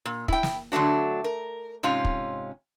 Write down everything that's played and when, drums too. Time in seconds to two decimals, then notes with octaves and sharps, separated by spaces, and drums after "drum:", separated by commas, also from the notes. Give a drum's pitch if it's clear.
0.05 A#2
0.28 E4 G5, drum: kick
0.43 drum: snare
0.72 D3 F#3 A3 D4 F#4
1.24 A#4
1.83 G#2 C3 C#4 F4
2.05 drum: kick